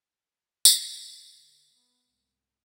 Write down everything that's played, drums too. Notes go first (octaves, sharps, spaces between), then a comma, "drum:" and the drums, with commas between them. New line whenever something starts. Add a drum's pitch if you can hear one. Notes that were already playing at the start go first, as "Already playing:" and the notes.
A1 E3, drum: tambourine
G#2
D3
B3
C2 G#2